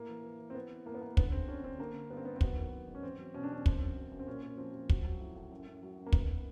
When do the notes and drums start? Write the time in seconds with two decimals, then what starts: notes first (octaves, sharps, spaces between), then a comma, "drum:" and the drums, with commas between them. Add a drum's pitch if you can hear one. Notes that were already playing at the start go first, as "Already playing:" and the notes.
Already playing: A2 A#3
0.09 E3
0.24 E3
0.40 E3
0.50 C4
0.55 E3 B3
0.70 E3
0.86 A2 A#3
0.95 B3
1.01 A2 A#3
1.17 D3 B3, drum: kick
1.32 D3 C4
1.48 D3 C#4
1.64 D3 C4
1.79 D3 A#3
1.94 D3
2.10 G2 B3
2.17 C4
2.25 G2 B3
2.36 C4
2.41 F#3 B3, drum: kick
2.56 D#3
2.73 D#3
2.87 G#2
2.95 C#4
3.03 E2 C4
3.19 F#3
3.34 B2 C#4
3.43 D4
3.50 E2 C#4
3.66 F#2 C4, drum: kick
3.81 F#3
3.96 F#2
4.11 F#2
4.19 C4
4.27 A#2 C#4
4.43 A#2
4.57 F3 C4
4.74 F3
4.90 F#3, drum: kick
5.04 F#3
5.20 A2
5.35 A2
5.51 F#2
5.67 F#2
5.83 F#3
5.98 F#2
6.06 A#3
6.13 D#3 B3, drum: kick